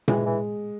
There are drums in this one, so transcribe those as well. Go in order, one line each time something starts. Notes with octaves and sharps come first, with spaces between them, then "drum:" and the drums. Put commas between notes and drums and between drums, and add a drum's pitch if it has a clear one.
E3 G#3, drum: tom A#2
E3